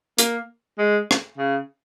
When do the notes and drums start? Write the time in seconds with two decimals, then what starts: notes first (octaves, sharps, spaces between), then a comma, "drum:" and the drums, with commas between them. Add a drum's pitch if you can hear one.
0.18 A#3, drum: hi-hat
0.78 G#3
1.11 drum: rim click
1.38 C#3